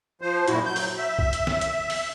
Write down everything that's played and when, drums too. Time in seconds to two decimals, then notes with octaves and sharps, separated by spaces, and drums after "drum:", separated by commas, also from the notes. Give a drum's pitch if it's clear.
0.21 F3 C5
0.48 F#2 A#2 E4 F#4, drum: hi-hat
0.66 F#3 G6
0.76 drum: open hi-hat
0.97 E5
1.19 drum: kick C2
1.33 drum: hi-hat
1.47 drum: snare
1.61 drum: hi-hat
1.90 drum: open hi-hat